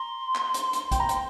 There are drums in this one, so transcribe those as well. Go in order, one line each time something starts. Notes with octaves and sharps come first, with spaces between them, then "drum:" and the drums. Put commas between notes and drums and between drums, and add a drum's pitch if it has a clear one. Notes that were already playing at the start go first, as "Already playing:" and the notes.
Already playing: A#5 C6
drum: clap
drum: hi-hat
drum: hi-hat
G5, drum: kick, hi-hat
A#5
G5, drum: hi-hat